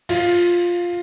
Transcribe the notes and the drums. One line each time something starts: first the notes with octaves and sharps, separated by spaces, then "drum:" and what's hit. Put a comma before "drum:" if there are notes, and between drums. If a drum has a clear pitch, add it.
F4, drum: cymbal
drum: open hi-hat